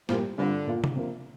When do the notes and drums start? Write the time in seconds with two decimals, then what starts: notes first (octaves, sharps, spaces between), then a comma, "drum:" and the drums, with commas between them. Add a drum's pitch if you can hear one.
0.09 A#2 F3 G3 A#3 G4, drum: snare
0.38 G2 D3 G3 C4 F4
0.67 A#2 A#3 F4
0.84 drum: tom C3
0.95 C3 F3 A#3